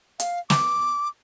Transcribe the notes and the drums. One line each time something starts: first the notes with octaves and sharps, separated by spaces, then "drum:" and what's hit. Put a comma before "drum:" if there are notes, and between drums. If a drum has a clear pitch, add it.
F5, drum: hi-hat
D6, drum: snare